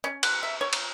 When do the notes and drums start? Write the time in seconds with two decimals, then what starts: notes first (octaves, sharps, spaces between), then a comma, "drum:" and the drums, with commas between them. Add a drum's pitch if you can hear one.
0.04 C#4
0.23 F#5, drum: cymbal
0.43 E5
0.61 C#5
0.73 drum: cymbal